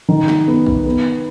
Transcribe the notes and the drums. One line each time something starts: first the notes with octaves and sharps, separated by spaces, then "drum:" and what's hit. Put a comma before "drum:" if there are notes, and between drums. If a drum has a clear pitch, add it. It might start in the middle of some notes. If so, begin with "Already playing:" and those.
D#3
drum: snare
B3
drum: kick A#1
B3